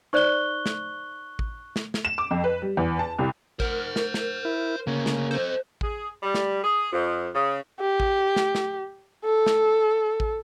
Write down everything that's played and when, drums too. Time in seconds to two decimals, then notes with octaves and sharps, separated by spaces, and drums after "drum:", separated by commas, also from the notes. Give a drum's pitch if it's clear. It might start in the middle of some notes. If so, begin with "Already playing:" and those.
0.13 D#4 C5 D5 C#6 F#6 G7
0.66 drum: snare
1.39 drum: kick A1
1.76 drum: snare
1.94 drum: snare
2.05 E7
2.18 D6
2.31 F2
2.44 B4
2.62 G3
2.77 E2
2.99 A5
3.18 C2
3.60 A#4 C5 F#5, drum: kick A1
3.96 drum: snare
4.14 drum: snare
4.45 E4
4.87 D2 C#3 A#3 C#4
5.06 drum: snare
5.31 A4 C5 D#5
5.81 G#4, drum: kick A1
6.23 G3
6.34 drum: snare
6.62 G#4
6.91 F2
7.34 C#3
7.81 G4
8.00 drum: kick A1
8.36 drum: snare
8.55 drum: snare
9.25 A4
9.46 drum: snare
10.20 drum: kick A1